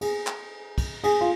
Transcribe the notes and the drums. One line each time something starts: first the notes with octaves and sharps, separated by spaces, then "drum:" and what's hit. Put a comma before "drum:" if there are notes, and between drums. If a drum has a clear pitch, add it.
G#4, drum: cymbal
drum: clap
drum: kick, cymbal
G#4, drum: cymbal
F4